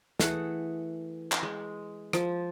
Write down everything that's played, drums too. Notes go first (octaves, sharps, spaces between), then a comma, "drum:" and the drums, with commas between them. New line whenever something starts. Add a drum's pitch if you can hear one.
E3 A3 G#4 F#5, drum: snare
drum: clap
G#3
F3, drum: rim click